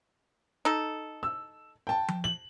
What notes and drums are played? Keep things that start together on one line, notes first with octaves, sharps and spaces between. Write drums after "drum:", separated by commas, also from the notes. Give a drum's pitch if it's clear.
D#4 A4
E6
G5 A5
drum: tom F3
F#7